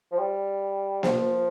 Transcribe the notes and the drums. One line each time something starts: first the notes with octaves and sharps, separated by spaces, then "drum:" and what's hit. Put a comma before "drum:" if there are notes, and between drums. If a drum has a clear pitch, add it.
F3
G3
F3, drum: snare A#3